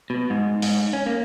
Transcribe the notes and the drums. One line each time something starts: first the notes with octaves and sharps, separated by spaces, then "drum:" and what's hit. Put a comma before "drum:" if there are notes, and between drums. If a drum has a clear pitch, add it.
B2
G#2
G#2, drum: open hi-hat
C#4
A#3